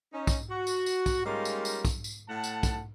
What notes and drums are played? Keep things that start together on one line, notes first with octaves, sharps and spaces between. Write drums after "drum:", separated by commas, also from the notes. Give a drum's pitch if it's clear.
C#4 D#4
drum: kick, tambourine
F#4
drum: tambourine
drum: tambourine
drum: kick, tambourine
G3 G#3 A#3 C#4 D#4 F4
drum: tambourine
drum: tambourine
drum: kick, tambourine
drum: tambourine
A2 F#5 A5
drum: tambourine
drum: kick, tambourine